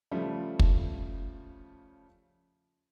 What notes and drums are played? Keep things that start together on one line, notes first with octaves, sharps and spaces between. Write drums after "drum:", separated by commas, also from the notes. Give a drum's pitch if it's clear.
C#3 F3 G3 A3
drum: kick